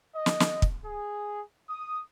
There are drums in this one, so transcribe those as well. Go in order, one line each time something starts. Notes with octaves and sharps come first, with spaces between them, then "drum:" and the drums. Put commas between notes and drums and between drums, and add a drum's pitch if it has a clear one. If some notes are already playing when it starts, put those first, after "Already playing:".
D#5
drum: snare
drum: snare
drum: kick
G#4
D#6